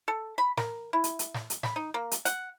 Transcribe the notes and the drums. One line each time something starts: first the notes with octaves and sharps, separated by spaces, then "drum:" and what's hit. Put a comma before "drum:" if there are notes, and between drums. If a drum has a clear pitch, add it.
A4
B5
A#4, drum: snare
E4
drum: hi-hat
drum: hi-hat
drum: snare
drum: hi-hat
B5, drum: snare
D#4
A#3
drum: hi-hat
F#5, drum: hi-hat